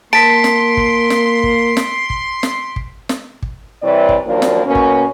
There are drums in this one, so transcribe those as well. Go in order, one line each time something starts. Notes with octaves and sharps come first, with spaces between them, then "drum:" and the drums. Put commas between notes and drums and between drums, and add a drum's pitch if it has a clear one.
A#3 A5 C6 B6 D7
drum: snare
drum: kick
drum: snare
drum: kick
drum: snare
drum: kick
drum: snare
drum: kick
drum: snare
drum: kick
C3 E3 G3 C#5 D5
drum: kick
D#2 F3 F#3 A#3 D4
drum: snare
B2 A#3 C#4
drum: kick